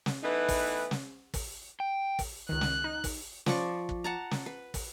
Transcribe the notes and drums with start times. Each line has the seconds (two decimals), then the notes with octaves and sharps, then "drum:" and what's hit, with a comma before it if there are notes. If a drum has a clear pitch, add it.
0.06 drum: snare
0.23 E3 A3 B3 D#4
0.49 drum: kick, open hi-hat
0.91 drum: snare
1.34 drum: kick, open hi-hat
1.80 G5
2.19 drum: kick, open hi-hat
2.49 C#2 D#3 F#6
2.61 drum: snare
2.84 D#4
3.04 drum: kick, open hi-hat
3.46 F3 D5 C#6, drum: snare
3.89 drum: kick
4.04 F#5 A5 A#5
4.31 drum: snare
4.46 B4
4.74 drum: kick, open hi-hat